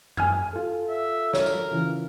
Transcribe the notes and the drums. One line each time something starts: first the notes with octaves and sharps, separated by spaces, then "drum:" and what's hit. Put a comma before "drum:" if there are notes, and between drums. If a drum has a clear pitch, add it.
G#5 F6 G#6, drum: tom F#2
F4 A4
E5
A#4 C#5, drum: snare
drum: tambourine
C#3 E3 F4